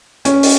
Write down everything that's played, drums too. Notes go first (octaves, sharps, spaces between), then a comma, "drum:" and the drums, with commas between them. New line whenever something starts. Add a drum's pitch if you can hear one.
C#4, drum: hi-hat
drum: open hi-hat